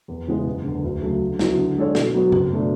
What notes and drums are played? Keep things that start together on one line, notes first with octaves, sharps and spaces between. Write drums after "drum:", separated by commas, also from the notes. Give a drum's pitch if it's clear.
E2
C#3 E3 G#3 B3
F#1
E2 D3
D2
C#3 F#3 A3
D3
F#3 B3 E4, drum: snare
D3
G#3 D4 A4 C#5
B2, drum: snare
F#3 B3
F#1, drum: tom G2
B2 A3 D4